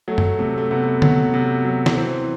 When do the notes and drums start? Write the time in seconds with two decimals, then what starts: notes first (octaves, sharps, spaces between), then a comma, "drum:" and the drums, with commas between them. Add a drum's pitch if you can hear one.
0.08 F#3 A3
0.18 drum: tom F#2
0.39 C3 A3
0.58 A3
0.71 C3 B3
1.02 F#3 B3, drum: tom D3
1.34 C3
1.65 F#3
1.86 drum: snare
1.96 E3 C4